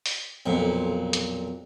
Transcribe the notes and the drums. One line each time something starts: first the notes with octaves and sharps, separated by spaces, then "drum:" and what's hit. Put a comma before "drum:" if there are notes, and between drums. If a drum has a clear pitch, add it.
drum: open hi-hat
B1 F2 A#2
drum: hi-hat